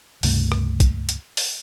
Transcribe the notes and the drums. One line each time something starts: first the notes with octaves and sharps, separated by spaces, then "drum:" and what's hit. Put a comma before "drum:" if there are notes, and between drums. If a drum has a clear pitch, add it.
C#2 G2 C3 A3, drum: open hi-hat
drum: rim click
drum: kick B1, hi-hat
drum: hi-hat
drum: open hi-hat